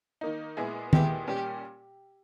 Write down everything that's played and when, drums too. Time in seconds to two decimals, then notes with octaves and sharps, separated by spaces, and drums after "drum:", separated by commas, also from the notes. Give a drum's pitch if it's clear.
0.21 D#3 A#3 D#4
0.57 A#2 G#3 B3 E4 G#4
0.93 A#2 G#3 B3 E4 G4 G#4, drum: tom D#3
1.27 A#2 G3 C#4 G4